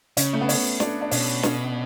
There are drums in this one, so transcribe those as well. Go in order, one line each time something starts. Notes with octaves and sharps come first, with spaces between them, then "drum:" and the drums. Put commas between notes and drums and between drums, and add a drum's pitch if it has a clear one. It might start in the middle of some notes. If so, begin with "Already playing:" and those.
C#3 C#4, drum: hi-hat
A3
B3
C#4, drum: open hi-hat
D4, drum: snare
D4
B2 C#4, drum: open hi-hat
C#4, drum: snare